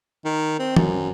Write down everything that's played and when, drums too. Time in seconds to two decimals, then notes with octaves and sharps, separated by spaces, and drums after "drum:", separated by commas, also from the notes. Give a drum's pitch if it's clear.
0.25 D#3
0.59 C4
0.76 F#2, drum: tom